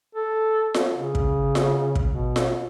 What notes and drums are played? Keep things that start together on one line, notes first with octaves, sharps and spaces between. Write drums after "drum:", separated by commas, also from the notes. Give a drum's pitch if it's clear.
A4
drum: snare F4
C#3
drum: kick
drum: snare F4
drum: kick
B2
drum: snare F4